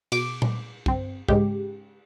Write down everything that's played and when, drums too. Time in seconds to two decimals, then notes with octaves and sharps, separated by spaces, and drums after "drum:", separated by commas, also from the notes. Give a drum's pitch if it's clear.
0.12 B2 D6, drum: cymbal
0.42 drum: tom A#2
0.86 G1 C4, drum: kick
1.28 G#2 C#3 G#3 G4, drum: kick